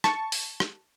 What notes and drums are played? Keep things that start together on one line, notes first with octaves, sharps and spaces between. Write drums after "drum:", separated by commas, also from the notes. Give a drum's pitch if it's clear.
A5 C#6, drum: rim click
drum: open hi-hat
drum: rim click